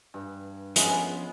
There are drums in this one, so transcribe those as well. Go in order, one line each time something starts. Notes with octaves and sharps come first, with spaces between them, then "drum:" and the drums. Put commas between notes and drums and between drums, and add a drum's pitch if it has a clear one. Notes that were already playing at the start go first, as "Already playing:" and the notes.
G2
F3 G#3 B3 C#4, drum: hi-hat